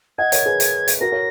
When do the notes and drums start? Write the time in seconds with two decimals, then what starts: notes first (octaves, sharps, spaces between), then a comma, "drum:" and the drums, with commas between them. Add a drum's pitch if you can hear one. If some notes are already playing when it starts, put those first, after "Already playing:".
0.18 D#5 F#5 G#6
0.32 A#4 C#5, drum: hi-hat
0.46 G#4 B4
0.60 drum: hi-hat
0.88 drum: hi-hat
1.01 F#4 A#4 A#6
1.12 A#4 C#5